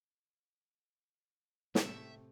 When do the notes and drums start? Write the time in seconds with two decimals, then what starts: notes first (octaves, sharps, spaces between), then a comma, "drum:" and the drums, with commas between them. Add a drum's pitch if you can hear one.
1.75 A2 C3 A3 E5 G5 C#6, drum: snare